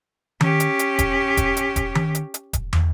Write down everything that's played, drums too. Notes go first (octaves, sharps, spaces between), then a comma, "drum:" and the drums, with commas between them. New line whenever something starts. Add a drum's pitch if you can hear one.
C#4 G4, drum: tom D#3
drum: hi-hat
drum: hi-hat
drum: kick E1, hi-hat
drum: kick E1, hi-hat
drum: hi-hat
drum: kick E1, hi-hat
drum: tom D#3
drum: hi-hat
drum: hi-hat
drum: kick E1, hi-hat
drum: tom